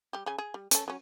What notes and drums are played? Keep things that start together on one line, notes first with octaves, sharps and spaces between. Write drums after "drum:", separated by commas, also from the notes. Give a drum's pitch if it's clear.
G3 G4
C#3 G#5
G#4
G3
C#4 A4, drum: hi-hat
F#3 C#4